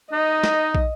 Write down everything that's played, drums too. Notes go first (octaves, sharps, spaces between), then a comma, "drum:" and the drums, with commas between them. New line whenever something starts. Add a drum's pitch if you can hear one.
D#4 D#5
drum: snare
drum: kick